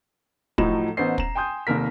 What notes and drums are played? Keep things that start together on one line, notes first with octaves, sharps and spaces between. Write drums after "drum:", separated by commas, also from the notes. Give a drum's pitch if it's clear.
A2 F3 F#3 A3 D#4 E7, drum: kick
A1 B3 D#4 C5 C7
A#5 E7, drum: kick
G5 G#5 C6 D#6 G6
F1 D#2 A#3 A#4 B6